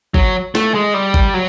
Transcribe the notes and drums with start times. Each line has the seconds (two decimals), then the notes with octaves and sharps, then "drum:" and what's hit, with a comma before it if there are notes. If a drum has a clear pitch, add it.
0.14 F#3, drum: kick G#1
0.55 A3, drum: snare
0.74 G#3
0.94 G3
1.14 drum: kick G#1
1.34 F#3